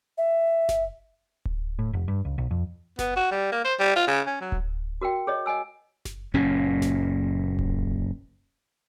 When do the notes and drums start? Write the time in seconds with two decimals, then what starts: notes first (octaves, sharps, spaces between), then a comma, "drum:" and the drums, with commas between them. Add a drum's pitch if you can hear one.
0.18 E5
0.69 drum: snare F#1
1.45 drum: kick D1
1.79 A2
1.93 F1
2.08 G2
2.25 C#2
2.38 B1
2.51 F2
2.99 B3, drum: snare F#1
3.16 F#4
3.32 G3
3.52 A#3
3.65 C5
3.80 G3
3.96 F4
4.08 C#3
4.27 C#4
4.41 F#3
4.52 drum: kick D1
5.01 F#4 A#4 F5 G5
5.27 G#4 C#5 D#5
5.46 D#5 F#5 G#5 E6
6.05 drum: snare F#1
6.34 F#1 A#2 C#4
6.82 drum: snare F#1
7.59 drum: kick D1